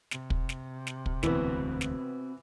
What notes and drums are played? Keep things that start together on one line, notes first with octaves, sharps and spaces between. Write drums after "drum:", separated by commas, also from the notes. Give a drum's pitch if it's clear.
C3, drum: snare
drum: kick
drum: snare
drum: snare
drum: kick
E1 D2 E3 B3 C4 F#4 B4, drum: snare
drum: snare